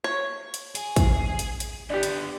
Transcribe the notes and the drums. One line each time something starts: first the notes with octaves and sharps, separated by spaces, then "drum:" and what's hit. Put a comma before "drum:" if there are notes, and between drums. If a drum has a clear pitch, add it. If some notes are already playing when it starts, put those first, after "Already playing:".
C#5
drum: hi-hat
G#4, drum: hi-hat
drum: kick, hi-hat
drum: hi-hat
drum: hi-hat
D3 B3 D4 G4
drum: hi-hat